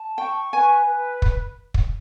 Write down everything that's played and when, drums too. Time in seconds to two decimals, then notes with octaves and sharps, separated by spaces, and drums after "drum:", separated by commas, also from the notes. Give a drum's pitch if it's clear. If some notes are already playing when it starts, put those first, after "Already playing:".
Already playing: A5
0.17 G5 C#6
0.52 B4 G#5
0.87 B4
1.22 drum: kick
1.74 drum: kick